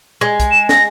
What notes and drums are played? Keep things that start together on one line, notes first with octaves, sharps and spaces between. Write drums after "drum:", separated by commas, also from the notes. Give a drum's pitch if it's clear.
G#3
drum: kick, hi-hat
E7
A#6, drum: snare